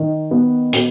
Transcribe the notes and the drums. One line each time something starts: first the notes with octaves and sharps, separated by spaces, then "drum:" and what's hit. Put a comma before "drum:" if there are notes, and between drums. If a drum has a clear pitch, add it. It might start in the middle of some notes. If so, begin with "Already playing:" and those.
Already playing: D#3
B3
B2, drum: hi-hat